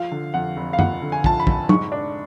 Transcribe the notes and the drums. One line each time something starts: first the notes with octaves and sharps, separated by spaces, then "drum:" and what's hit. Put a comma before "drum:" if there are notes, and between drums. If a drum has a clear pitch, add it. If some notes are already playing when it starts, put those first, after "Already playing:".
Already playing: F3 F5
D3
F2 F#5
F1
F5
F3 F#5, drum: tom F#2
D3
G#5
F2 A5, drum: kick
B5
F1, drum: kick
G#2 C#6, drum: tom
D4